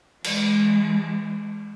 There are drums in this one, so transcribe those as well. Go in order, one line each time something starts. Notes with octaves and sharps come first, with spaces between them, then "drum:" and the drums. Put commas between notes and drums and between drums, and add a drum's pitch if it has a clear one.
E3 G#3, drum: cymbal